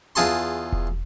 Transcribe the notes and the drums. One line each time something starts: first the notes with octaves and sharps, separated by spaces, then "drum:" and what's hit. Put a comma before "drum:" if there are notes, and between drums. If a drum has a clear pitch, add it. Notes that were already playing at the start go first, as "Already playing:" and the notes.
E2 F4 G#4 A5 C6
drum: kick E1